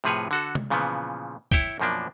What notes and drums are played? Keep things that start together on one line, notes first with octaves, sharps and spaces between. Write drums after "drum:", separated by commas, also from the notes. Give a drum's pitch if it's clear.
A2 C3 F3 G#4 B4 C#5
D3 F#4 A4
drum: tom
A#2 C#3 E3 F3 B3
E4 C#5 E5 G5, drum: kick
F#2 B2 F3 A#3 D4